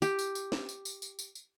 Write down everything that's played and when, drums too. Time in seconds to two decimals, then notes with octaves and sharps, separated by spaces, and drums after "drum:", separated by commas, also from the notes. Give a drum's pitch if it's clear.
0.02 G4, drum: tambourine
0.19 drum: tambourine
0.35 drum: tambourine
0.52 drum: snare
0.69 drum: tambourine
0.85 drum: tambourine
1.02 drum: tambourine
1.19 drum: tambourine
1.35 drum: tambourine